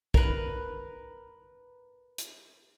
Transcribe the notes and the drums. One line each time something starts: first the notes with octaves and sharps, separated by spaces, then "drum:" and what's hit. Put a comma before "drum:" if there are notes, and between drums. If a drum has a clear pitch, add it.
A#4 B4, drum: kick
drum: hi-hat